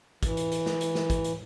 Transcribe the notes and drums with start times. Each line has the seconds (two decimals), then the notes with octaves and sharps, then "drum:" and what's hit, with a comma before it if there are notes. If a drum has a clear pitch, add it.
0.23 E3, drum: kick, hi-hat
0.37 drum: hi-hat
0.52 drum: hi-hat
0.66 drum: snare
0.81 drum: hi-hat
0.95 drum: snare
1.10 drum: kick, hi-hat
1.24 drum: hi-hat